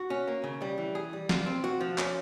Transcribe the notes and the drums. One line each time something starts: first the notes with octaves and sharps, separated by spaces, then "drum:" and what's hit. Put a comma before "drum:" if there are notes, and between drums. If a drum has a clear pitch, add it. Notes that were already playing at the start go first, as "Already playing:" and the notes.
Already playing: F#4
C#4
A#3
C#3
G3
E3
G#4
G3
F4, drum: snare
C4
F#4
F3
C#4, drum: clap